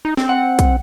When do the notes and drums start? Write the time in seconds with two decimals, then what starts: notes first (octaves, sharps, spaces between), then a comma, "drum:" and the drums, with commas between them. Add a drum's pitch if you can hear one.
0.05 D#4
0.17 C4, drum: snare
0.29 F#5
0.59 drum: kick, hi-hat